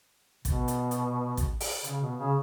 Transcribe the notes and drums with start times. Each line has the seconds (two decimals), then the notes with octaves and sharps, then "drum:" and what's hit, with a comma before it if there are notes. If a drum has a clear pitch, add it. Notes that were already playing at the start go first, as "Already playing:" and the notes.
0.45 B2, drum: kick, hi-hat
0.68 drum: hi-hat
0.91 drum: hi-hat
1.37 drum: kick, hi-hat
1.61 drum: open hi-hat
1.84 C#3, drum: hi-hat
2.01 B2
2.19 C#3